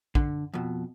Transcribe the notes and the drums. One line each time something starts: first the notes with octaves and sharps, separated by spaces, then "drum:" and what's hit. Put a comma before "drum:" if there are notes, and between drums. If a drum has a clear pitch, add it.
D3, drum: kick
F2 B2